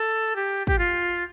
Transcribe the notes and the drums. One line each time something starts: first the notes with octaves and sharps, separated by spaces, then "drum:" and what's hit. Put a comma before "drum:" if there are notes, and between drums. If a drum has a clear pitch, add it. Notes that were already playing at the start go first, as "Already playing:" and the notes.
Already playing: A4
G4
G4, drum: kick
F4